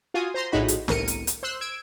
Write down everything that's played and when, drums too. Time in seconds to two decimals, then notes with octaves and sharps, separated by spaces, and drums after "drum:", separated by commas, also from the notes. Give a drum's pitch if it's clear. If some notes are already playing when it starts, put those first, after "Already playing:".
0.14 F4 F#4 G#5 D#6
0.34 C5 A#5 C6
0.52 A#1 A2 G#3 D#4 F#4 B5
0.68 drum: hi-hat
0.88 G1 C2 A2 A#4 C#7 D#7, drum: snare
1.08 drum: hi-hat
1.27 drum: hi-hat
1.43 C5 C6 E6 F#6
1.61 E6 G#6 D7